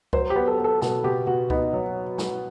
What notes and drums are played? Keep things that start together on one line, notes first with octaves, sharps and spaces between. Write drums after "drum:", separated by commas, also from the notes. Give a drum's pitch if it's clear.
F#3 C5, drum: kick C#2
G4
B3
A4
B3
A4
B2 A4, drum: snare
B2 G4
B2 F#4
B3 D#4, drum: kick C#2
F#3
drum: snare